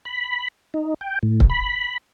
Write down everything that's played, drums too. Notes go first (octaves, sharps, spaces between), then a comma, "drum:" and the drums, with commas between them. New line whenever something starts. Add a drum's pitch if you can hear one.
B5
D#4
G5
A2
drum: kick C#1
B5